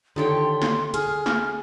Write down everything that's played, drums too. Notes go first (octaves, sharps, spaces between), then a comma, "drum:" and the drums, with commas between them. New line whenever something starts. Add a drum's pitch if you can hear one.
D3 D#3 G4 A4 C#5 G5 C6
drum: snare
G#4 F6, drum: hi-hat
drum: snare